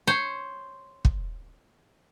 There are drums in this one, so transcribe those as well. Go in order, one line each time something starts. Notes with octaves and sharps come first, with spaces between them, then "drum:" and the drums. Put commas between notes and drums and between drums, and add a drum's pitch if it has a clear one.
C5 C#5
drum: kick